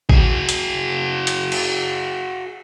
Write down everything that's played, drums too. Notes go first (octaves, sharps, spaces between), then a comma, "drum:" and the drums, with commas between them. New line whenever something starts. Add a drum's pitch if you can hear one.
F#4 G#4, drum: kick
drum: hi-hat
drum: hi-hat
drum: cymbal